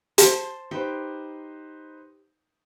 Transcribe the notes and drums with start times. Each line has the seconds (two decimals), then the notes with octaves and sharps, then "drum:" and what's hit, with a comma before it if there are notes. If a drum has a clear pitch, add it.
0.18 C5 A5, drum: hi-hat
0.71 D#4 G4 B4 C5